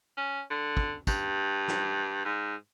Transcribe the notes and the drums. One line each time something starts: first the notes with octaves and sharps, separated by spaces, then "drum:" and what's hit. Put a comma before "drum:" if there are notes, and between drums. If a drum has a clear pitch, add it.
C#4
D3
drum: kick
G2, drum: kick, tambourine
drum: snare
G#2